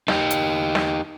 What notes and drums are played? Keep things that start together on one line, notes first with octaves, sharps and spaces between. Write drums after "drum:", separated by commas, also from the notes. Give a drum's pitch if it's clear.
D#4 G4, drum: snare
drum: hi-hat
drum: snare